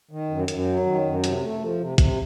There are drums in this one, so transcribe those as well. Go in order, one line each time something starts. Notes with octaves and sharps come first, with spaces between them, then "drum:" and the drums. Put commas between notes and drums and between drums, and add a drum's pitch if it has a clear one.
D#3
F#2
F#2, drum: hi-hat
F#3
D#3
F#2
C3, drum: hi-hat
A3
F3
C3
C3, drum: kick, hi-hat